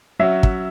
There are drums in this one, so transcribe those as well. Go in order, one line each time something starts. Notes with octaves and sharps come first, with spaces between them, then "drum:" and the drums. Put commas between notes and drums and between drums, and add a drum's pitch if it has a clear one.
F#3 C#4 F#4 E5
drum: kick